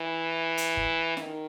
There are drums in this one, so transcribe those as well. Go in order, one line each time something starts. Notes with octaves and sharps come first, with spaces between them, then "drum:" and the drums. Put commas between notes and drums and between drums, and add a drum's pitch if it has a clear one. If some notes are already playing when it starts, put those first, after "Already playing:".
Already playing: E3
drum: hi-hat
drum: kick
D#3, drum: snare